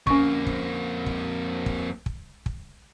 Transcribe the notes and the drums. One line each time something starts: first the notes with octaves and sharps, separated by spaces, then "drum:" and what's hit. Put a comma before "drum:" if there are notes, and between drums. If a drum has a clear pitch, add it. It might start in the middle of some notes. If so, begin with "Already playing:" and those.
F2 A#3 C#4 C#6, drum: kick
drum: kick
drum: kick
drum: kick
drum: kick
drum: kick